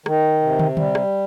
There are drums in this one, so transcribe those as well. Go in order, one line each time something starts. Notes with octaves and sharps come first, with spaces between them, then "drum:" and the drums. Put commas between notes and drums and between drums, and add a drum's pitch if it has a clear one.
D#3, drum: rim click
C3
drum: tom
G3, drum: tom D3
drum: rim click